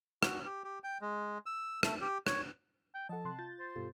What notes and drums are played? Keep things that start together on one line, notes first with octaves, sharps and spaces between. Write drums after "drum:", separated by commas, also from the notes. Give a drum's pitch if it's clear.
F#4, drum: rim click
G4
G4
G5
G#3
E6
A3, drum: rim click
G4
C#5, drum: rim click
G5
F3 A4 D#5 F#5 A5
C3 C6 F#6
F4 G6 A6
C5
G2 B2 F4 G4 A4